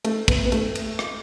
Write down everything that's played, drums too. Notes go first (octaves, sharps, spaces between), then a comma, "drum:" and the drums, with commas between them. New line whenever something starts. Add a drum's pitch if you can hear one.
A3, drum: cymbal
B3, drum: kick, cymbal
B3
A3, drum: cymbal
drum: cymbal
drum: rim click